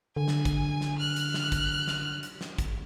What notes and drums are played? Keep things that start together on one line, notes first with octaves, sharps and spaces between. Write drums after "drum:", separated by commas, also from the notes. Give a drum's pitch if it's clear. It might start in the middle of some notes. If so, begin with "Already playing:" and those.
D3 G#5
drum: snare
drum: kick, hi-hat
drum: snare
F6 F#6
drum: hi-hat
drum: snare
drum: kick, hi-hat
drum: snare
drum: hi-hat
drum: snare
drum: kick, hi-hat